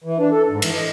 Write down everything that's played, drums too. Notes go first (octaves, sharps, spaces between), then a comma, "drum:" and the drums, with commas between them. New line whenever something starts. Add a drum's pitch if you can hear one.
E3
D4
A4
G#2
E3, drum: cymbal
D#5